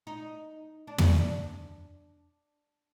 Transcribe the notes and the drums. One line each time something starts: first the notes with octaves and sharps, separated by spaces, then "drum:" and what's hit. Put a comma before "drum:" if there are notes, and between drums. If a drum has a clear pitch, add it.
D#4
D4
drum: tom